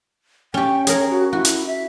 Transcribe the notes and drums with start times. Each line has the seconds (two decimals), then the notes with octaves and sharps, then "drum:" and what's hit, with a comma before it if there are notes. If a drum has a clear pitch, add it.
0.54 C#4 G4 G5
0.87 G#4 A#4 C#5, drum: hi-hat
1.10 F#4
1.33 E4 F#4
1.45 drum: hi-hat
1.66 E5